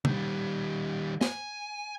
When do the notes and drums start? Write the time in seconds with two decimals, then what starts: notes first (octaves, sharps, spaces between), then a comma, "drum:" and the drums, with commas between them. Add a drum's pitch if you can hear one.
0.05 D#3 G3, drum: tom
1.21 G#5, drum: snare